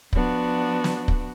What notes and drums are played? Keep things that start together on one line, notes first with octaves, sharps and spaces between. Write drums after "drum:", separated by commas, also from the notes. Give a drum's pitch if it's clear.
F3 B3 D4 F#4, drum: kick
drum: snare
drum: kick